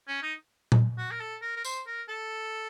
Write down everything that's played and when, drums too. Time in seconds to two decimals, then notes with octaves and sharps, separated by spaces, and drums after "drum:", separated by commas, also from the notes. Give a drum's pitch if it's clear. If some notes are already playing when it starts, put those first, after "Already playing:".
0.08 C#4
0.23 D#4
0.72 drum: tom A#2
0.98 F#4
1.11 A#4
1.20 A4
1.42 A#4
1.56 A#4
1.64 C5, drum: tambourine
1.87 A#4
2.08 A4